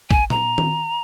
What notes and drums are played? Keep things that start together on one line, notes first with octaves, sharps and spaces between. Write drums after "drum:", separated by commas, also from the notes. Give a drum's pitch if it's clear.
G#5, drum: kick
A#5, drum: tom A#2
drum: tom D#3